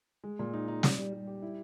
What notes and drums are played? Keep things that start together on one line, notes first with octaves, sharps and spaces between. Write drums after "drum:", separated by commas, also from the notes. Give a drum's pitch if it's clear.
G#3
A#2
D#4
D#4
G3, drum: snare
G3
G3
G4
E4